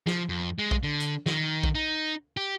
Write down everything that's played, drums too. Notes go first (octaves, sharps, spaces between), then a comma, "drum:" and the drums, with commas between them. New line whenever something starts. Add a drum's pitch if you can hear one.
F3, drum: snare
F2
G#3
drum: kick A#1
D3
drum: hi-hat
D#3, drum: snare
drum: kick A#1
D#4
G4